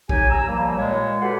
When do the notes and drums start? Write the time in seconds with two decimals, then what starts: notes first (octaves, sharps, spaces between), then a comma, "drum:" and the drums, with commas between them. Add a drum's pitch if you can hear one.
0.09 C#4 D#4 G4 G#5, drum: kick A1
0.30 A#5 E6
0.48 D#2 F3 G3 A#3
0.77 A#2 G#3 C#5
1.21 F#4 G4 A4 B4 F#5 C6